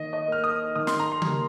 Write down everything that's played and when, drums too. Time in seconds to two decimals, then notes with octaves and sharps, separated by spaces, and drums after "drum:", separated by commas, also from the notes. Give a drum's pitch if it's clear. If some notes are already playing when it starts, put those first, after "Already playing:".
Already playing: D#3 A#3 D#5
0.13 D#5
0.28 A#3 F6
0.44 D#6
0.76 D#3 D#6
0.87 C6, drum: snare
1.00 A#5
1.12 C6
1.22 G3 A#3, drum: tom C#3